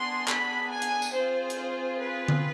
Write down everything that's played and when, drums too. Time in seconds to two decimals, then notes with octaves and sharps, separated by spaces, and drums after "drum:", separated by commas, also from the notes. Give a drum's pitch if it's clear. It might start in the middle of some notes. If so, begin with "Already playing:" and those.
Already playing: B3 D4 G#4 C6
0.28 B5, drum: clap
0.71 G#5
0.82 drum: hi-hat
1.02 drum: tambourine
1.14 C4 F4 G#4 C5
1.50 drum: hi-hat
2.00 B4
2.28 drum: tom D3